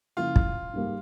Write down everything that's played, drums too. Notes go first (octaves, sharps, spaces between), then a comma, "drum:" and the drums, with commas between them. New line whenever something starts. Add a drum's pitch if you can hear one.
C#3 F3 A#3 E4 F4
drum: kick
G#2 G3 A#3